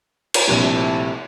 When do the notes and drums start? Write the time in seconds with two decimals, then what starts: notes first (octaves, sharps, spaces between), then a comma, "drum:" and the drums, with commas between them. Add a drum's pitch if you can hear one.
0.34 drum: cymbal
0.47 A#1 C3 G3 A3 E4 A5